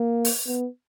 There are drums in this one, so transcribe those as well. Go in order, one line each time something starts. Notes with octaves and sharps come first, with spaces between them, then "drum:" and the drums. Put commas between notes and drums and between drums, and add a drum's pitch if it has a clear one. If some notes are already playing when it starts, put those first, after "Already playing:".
Already playing: A#3
drum: open hi-hat
B3